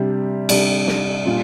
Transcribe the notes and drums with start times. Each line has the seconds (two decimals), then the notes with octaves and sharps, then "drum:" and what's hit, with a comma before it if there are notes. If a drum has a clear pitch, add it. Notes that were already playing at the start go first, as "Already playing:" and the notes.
Already playing: C3 G3 D4 G4
0.49 C3 G3 D4 G4, drum: cymbal
0.87 drum: snare
1.26 A#2 G3 D4 F4